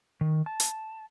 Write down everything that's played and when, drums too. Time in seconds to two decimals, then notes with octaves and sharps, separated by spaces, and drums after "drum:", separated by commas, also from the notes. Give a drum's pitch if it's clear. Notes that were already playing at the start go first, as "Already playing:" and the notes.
0.21 D#3
0.46 A5
0.60 drum: hi-hat